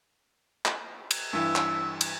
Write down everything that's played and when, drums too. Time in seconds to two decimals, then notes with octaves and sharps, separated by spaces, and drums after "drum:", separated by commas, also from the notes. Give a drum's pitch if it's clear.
0.66 drum: clap
1.11 drum: cymbal
1.33 G2 E3 E6
1.56 drum: clap
2.01 drum: cymbal